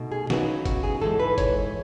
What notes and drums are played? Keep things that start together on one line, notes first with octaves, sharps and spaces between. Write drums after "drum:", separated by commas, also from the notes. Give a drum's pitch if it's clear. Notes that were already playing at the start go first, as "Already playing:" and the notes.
Already playing: B2 A3 D#4
G#4
C#3 F#3 B3 D#4 F#4, drum: snare
F#4, drum: kick G1, hi-hat
G#4
G#2 E3 G#3 A4
B4
C#5, drum: kick G1, hi-hat